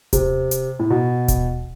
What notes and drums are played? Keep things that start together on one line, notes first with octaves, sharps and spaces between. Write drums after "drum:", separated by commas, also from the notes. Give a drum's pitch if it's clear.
C3, drum: kick D#1, hi-hat
drum: hi-hat
A2
B2
drum: kick D#1, hi-hat